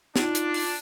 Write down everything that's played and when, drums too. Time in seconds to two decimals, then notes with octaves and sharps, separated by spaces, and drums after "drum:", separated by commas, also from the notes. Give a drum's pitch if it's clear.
0.16 D4 D#4 F4, drum: snare
0.35 drum: hi-hat
0.54 drum: open hi-hat